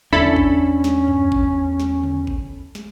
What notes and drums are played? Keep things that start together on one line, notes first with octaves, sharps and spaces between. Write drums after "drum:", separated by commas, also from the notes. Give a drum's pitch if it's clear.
E2 C#4 D4 E4 A4 B5, drum: tom C#3
drum: kick
drum: snare
drum: tom F#2
drum: kick
drum: snare
drum: tom C#3
drum: kick
drum: snare